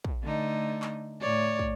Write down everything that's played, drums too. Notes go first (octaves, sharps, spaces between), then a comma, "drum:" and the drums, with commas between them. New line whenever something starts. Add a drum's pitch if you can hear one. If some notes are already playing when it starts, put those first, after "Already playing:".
drum: kick
D3 A3 D#4
drum: clap
A2 C#5 D5
drum: kick